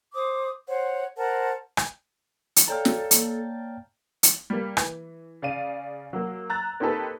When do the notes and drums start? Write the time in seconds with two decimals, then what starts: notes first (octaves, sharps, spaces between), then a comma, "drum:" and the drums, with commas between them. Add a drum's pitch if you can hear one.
0.13 C5 D6 D#6
0.68 C5 C#5 F#5
1.17 A#4 C5 F#5 A5
1.77 drum: rim click
2.56 drum: hi-hat
2.68 A4 C#5 D5 F5 G5 A5 A#5
2.85 drum: snare
3.11 A#3, drum: hi-hat
4.23 drum: hi-hat
4.50 G3 A#3
4.77 E3, drum: rim click
5.42 C#3 D5 F5 D#7
6.13 F#3 A#3
6.50 A#5 E6 F#6 A6
6.80 A#3 C4 D#4 G4 A4 B4